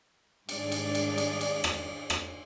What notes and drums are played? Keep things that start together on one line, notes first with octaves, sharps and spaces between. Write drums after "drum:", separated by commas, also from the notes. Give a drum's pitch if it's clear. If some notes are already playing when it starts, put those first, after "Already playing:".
G#2 D#3 G3 D4 G#4 D5, drum: cymbal
drum: cymbal
drum: cymbal
drum: cymbal
drum: cymbal
drum: rim click
drum: rim click